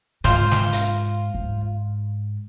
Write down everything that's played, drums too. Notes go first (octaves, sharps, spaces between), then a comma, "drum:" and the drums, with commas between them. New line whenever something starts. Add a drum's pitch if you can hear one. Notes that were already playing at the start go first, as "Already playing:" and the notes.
G#2 F4 C5, drum: snare
drum: snare
drum: hi-hat
G#2